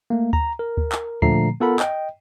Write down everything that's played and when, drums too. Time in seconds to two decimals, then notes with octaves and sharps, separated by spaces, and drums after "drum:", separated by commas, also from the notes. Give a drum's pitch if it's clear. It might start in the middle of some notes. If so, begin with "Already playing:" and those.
0.10 A3 A#3
0.33 A#5, drum: kick D2
0.59 A#4
0.77 drum: kick D2
0.92 drum: clap
1.22 A#2 D3 F3 A3 A#5 C7, drum: kick D2
1.60 B3 F4 A4 A#4 F#5 B5
1.79 D#5 G5, drum: clap